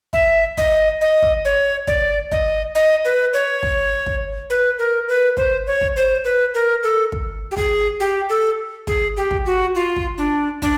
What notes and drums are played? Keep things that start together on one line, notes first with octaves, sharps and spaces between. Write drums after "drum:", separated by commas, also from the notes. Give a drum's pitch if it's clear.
E5, drum: kick
D#5, drum: kick
D#5
drum: kick
C#5
D5, drum: kick
D#5, drum: kick
D#5
B4
C#5
drum: kick
drum: kick
B4
A#4
B4
C5, drum: kick
C#5
drum: kick
C5
B4
A#4
A4
drum: kick
G4
G#4, drum: kick
G4
A4
G#4, drum: kick
G4
drum: kick
F#4
F4
drum: kick
D4
D4, drum: kick